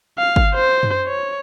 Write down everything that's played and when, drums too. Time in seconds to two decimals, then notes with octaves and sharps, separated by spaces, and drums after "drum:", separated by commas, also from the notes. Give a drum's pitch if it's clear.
0.19 F5
0.36 drum: kick G1
0.55 C5
0.83 drum: tom F#2
1.07 C#5